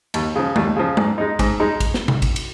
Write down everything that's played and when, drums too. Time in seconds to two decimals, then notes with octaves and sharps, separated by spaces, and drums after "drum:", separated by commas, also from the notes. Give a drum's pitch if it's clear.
0.14 D#2, drum: cymbal
0.35 C#3 F3
0.56 D#2, drum: tom G#3
0.76 C#3 F3
0.97 G#2, drum: tom G#3
1.18 G#3 D#4
1.39 G#2, drum: kick A1, cymbal
1.60 G#3 D#4
1.80 drum: kick A1, cymbal
1.94 drum: snare
2.08 drum: tom B2
2.22 drum: kick A1, cymbal
2.36 drum: cymbal